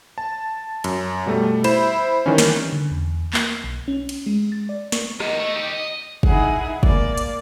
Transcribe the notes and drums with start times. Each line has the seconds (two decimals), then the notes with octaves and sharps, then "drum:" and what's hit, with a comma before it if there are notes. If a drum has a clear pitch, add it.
0.18 A5
0.84 F#2, drum: cymbal
1.26 B2 G3 A3
1.64 E4 C5 E5 B5 E7, drum: cymbal
2.26 D#3 E3 G3 C#4
2.38 drum: snare
2.73 D3
2.91 E2
3.33 A#3, drum: clap
3.64 B1
3.88 C#4
4.09 drum: cymbal
4.26 G#3
4.52 A6
4.69 D5
4.92 C#6, drum: snare
5.20 E2 D#3 D#5, drum: rim click
5.40 A3
5.56 D#4 G4
5.74 D#5
6.23 D#4 E4 G#4 F#5, drum: kick
6.83 A#3 D5, drum: kick
7.17 drum: hi-hat